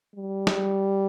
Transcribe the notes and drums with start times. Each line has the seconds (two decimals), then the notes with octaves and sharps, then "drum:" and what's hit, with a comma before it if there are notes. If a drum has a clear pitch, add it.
0.16 G3
0.47 drum: snare